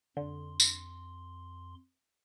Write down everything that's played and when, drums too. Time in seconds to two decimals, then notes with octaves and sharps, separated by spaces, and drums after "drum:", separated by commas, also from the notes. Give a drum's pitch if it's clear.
0.17 F2 D3 C6
0.60 drum: tambourine